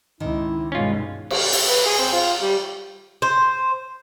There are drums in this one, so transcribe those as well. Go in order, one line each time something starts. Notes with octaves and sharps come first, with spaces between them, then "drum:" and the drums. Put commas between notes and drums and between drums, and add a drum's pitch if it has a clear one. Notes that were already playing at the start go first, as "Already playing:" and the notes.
C#2 D#3 E4
G2 B2 G#3 C#4 F4
drum: cymbal
drum: open hi-hat
B4
G#4
C4
F4
G3
C5